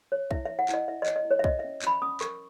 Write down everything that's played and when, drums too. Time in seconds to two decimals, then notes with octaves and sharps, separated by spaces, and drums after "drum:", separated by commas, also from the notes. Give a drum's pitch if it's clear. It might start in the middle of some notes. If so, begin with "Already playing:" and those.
0.12 C#5
0.31 E4 E5, drum: kick
0.45 E5
0.50 C#5
0.59 F#5
0.69 E4 D#5, drum: clap
0.88 E4 E5
1.02 D#5
1.06 C#5, drum: clap
1.16 D#5
1.25 E4
1.31 C#5
1.39 E5
1.44 A#4 D#5, drum: kick
1.59 E5
1.64 C#4
1.82 C#4 B5, drum: clap
2.02 C#4 D#6
2.21 A#4 C#6, drum: clap